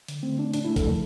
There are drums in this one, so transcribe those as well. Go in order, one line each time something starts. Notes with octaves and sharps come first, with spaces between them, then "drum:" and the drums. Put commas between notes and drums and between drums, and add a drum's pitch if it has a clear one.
D3, drum: hi-hat
A3 C4
A3 D4
A2 D4, drum: hi-hat
A3 E4
A4, drum: kick A#1, hi-hat
F3